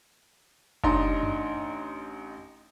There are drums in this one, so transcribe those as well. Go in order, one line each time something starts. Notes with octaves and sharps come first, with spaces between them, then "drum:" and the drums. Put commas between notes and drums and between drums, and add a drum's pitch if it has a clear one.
A1 D4 D#4 D#5 A#5 C6, drum: kick F#1
drum: tom F#2